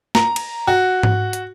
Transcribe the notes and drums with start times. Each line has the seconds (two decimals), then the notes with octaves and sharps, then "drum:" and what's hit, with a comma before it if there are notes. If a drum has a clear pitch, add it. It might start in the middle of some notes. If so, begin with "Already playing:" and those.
0.15 A#5, drum: snare
0.36 drum: cymbal
0.67 F#4
1.03 drum: tom G#2
1.33 drum: hi-hat